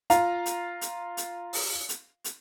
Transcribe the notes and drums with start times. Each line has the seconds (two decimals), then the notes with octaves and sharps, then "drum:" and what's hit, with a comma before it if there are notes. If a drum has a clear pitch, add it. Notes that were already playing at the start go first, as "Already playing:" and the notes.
0.10 F4 F5 A#5, drum: hi-hat
0.46 drum: hi-hat
0.81 drum: hi-hat
1.17 drum: hi-hat
1.53 drum: open hi-hat
1.89 drum: hi-hat
2.24 drum: hi-hat